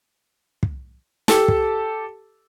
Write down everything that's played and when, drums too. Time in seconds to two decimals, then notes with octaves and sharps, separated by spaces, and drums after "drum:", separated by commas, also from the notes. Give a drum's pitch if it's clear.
0.63 drum: kick
1.28 G4 A4 A5, drum: snare
1.48 drum: kick